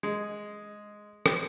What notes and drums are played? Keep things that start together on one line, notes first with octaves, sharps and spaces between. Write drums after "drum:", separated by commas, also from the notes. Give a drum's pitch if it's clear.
G#3
drum: rim click